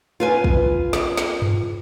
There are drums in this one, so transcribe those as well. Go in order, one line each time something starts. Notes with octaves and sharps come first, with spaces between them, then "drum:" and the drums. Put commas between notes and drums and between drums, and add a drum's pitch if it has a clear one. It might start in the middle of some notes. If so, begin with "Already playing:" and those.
F4 B4 G#5
drum: kick
drum: snare
drum: snare
drum: tom G2